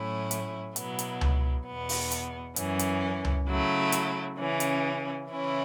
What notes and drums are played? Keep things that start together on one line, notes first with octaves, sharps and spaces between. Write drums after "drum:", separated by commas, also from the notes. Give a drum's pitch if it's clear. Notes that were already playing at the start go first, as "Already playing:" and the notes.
Already playing: A2 F#3 A3 C#4 E4
drum: hi-hat
B2 F#3 B3 E4, drum: hi-hat
drum: hi-hat
drum: tom C#2
E2 B2 B3
drum: open hi-hat
drum: hi-hat
F#2 E3 C#4, drum: hi-hat
drum: hi-hat
drum: tom C#2
C#3 F#3 A3 E4
drum: hi-hat
C#3 E3 C#4
drum: hi-hat
C#3 E3 C#4 E4